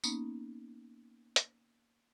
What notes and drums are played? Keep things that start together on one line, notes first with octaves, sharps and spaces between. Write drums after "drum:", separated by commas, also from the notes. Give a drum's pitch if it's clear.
A#3 B3 C#4 D#4, drum: tambourine
drum: hi-hat